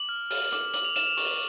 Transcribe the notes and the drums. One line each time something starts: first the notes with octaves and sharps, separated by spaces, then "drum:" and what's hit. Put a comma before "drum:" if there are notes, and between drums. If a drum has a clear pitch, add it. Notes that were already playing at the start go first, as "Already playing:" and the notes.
Already playing: D6 F#7
F6
F6, drum: open hi-hat
D6, drum: hi-hat
D6 F#7, drum: hi-hat
F7
F6 E7, drum: hi-hat
F7
C#6, drum: open hi-hat